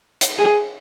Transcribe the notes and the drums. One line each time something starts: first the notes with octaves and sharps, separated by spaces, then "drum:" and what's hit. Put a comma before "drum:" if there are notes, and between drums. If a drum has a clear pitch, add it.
drum: hi-hat
G#4